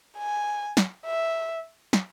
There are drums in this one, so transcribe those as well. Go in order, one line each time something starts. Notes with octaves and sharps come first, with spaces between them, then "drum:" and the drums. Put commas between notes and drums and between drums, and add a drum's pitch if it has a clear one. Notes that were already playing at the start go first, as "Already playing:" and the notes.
G#5
drum: snare
E5
drum: snare